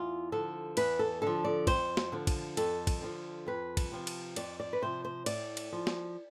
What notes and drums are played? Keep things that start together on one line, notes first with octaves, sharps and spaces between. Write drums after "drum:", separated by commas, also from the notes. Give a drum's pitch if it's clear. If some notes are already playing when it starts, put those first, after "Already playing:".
Already playing: E2 F4
D3 F3 A4
E2 B4, drum: cymbal
A4
D3 F3 A4
D5
F2 C5, drum: kick, cymbal
drum: snare
D3 F3
drum: kick, cymbal
F2 A4, drum: cymbal
drum: kick, cymbal
D3 F3
F2 B4
drum: kick, cymbal
C3 F3
drum: cymbal
F2 D5, drum: cymbal
D5
B4
C3 F3 C5
C5
A2 D5, drum: cymbal
drum: cymbal
F3
drum: snare